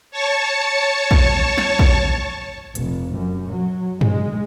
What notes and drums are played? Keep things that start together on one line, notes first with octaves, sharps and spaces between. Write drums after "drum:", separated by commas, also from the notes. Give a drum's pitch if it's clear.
C#5 A5 C#6
drum: kick
drum: snare
drum: kick
F1, drum: hi-hat
F#2
F#3
G#3, drum: tom G2